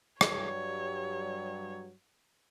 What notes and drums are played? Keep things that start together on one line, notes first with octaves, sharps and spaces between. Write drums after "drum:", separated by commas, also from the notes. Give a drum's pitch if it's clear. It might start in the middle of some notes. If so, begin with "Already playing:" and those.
G2 F#3 G3 C#5, drum: rim click